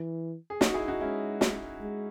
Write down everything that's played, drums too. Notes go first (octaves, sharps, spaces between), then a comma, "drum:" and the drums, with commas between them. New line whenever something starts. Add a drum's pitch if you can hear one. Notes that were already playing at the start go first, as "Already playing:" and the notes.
Already playing: E3
G#4
D#4 F#4, drum: snare
E4 G#4
D#4 F#4
G#3 C#4 E4
drum: snare
G#3